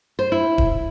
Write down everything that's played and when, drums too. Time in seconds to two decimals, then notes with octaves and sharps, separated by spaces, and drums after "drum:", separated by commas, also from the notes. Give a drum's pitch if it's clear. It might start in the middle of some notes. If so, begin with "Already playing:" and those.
0.19 C5
0.32 E4
0.58 drum: kick D#1